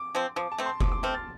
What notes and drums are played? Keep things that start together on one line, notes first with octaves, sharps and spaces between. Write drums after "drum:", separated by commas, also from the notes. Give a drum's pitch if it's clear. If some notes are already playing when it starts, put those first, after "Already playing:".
Already playing: D6
F3 C4
F3 D6
A5
A3 C4
C6
F3 D6, drum: kick F1
D6
A3 C4 F6
A6